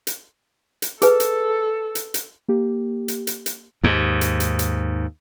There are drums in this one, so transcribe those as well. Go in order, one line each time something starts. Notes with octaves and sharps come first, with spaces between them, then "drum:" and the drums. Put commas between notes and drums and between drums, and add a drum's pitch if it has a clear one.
drum: hi-hat
drum: hi-hat
G#4 A4 B4, drum: hi-hat
drum: hi-hat
drum: hi-hat
drum: hi-hat
A#3 G4
drum: hi-hat
drum: hi-hat
drum: hi-hat
D#2 G#2
drum: hi-hat
drum: hi-hat
drum: hi-hat